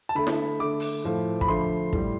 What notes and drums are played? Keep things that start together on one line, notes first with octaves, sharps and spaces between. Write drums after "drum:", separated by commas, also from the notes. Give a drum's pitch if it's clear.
A5
D3 A3 B5
drum: snare E4
D3 A3 D6
drum: open hi-hat
A2 F3 A3
B5, drum: kick
D3 F3 A3 C6
A2 G3, drum: kick